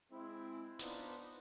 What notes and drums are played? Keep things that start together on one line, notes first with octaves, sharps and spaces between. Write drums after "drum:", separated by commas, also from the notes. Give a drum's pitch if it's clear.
G#3 C4 E4
B3 D4 D#4 F4 B4 C5, drum: hi-hat